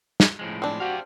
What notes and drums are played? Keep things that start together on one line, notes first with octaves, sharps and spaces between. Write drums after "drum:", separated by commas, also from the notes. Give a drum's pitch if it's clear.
drum: snare
A2 F3 G#3
C4 D4
F#4 G4 F5